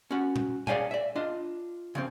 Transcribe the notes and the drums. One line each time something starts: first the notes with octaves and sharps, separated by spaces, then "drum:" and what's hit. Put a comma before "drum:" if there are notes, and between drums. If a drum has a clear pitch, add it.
C#4 F#4
drum: tom A#2
G#4 C#5 D5 F5 G5 G#5, drum: tom A#2
D5 E5
D4 F4 D#5
C#3 F3 C4